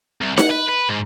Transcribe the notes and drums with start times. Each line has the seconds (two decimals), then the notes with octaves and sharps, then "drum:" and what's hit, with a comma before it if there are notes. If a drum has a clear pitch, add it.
0.21 C2
0.37 F#5, drum: snare D#4
0.51 B4
0.69 B4
0.89 G#2